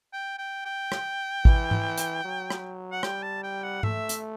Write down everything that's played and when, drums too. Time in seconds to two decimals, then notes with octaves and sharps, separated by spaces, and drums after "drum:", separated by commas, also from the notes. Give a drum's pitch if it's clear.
0.13 G5
0.38 G5
0.65 G5
0.92 drum: rim click
1.45 E3, drum: kick
1.71 drum: tom G#2
1.98 drum: hi-hat
2.24 F#3
2.50 drum: rim click
2.91 F#5
3.03 G3 G5, drum: rim click
3.23 A5
3.43 G5
3.63 F#5
3.83 A3 E5, drum: tom G#2
4.09 drum: hi-hat